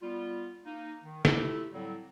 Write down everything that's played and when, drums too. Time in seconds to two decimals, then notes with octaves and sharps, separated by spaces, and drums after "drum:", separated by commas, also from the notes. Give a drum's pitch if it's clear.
0.02 G3 B3 F4
0.66 A#3 D#4
1.03 D#3
1.25 A3 E4 F4 G4 A4, drum: snare
1.73 A2 D3 F#3 G3 C4